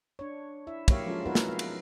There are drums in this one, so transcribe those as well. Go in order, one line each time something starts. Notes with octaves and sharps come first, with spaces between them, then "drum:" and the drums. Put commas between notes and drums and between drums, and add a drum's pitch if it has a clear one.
D4 C#5
E4 E5
F#3 A#3 G4 C#5 E5 F5, drum: kick, cymbal
F3 G#3 C#4 F4 A4
B3 D#4 F#4 A#4 B4 C#5
drum: snare
F5
drum: cymbal